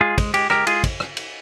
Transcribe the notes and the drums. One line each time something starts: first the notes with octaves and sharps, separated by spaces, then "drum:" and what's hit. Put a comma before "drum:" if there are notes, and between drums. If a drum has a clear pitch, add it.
G#3 F4 G#4
G#3, drum: kick, cymbal
G#3 G4, drum: cymbal
G#3 G4 A#4, drum: rim click
G#3 F4 G#4, drum: cymbal
drum: kick, cymbal
drum: rim click
drum: cymbal